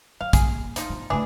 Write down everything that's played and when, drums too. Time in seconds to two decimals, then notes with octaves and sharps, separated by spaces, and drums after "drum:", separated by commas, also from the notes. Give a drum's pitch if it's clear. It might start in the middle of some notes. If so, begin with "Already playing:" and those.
0.21 F#3 F5
0.33 A#3 E4 G#4, drum: kick, hi-hat
0.76 F3 D#4 F4, drum: hi-hat
0.90 B3 D4
1.10 C#3 E3 A3 D4 G#4